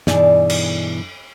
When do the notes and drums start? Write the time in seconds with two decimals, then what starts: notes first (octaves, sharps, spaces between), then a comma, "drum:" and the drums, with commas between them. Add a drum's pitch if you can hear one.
0.07 G2 B2 E3 D#4 G#4 D5, drum: snare
0.50 drum: cymbal